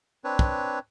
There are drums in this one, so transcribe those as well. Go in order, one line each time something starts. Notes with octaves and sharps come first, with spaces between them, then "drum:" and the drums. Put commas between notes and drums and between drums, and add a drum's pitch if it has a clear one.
C4 D4 B4 C#5
drum: kick